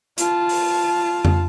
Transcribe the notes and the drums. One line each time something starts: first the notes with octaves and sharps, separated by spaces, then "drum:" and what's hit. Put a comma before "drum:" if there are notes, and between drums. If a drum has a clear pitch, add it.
F4 A5, drum: hi-hat
drum: open hi-hat
drum: tom F2